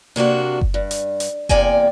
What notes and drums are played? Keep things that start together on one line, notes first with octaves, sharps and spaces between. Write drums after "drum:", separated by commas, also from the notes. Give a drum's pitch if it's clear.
C3 A#3 D4 F#4
drum: kick F#1
G2
drum: hi-hat
drum: hi-hat
E2 C3 A#3 D5 G5 G#5, drum: kick F#1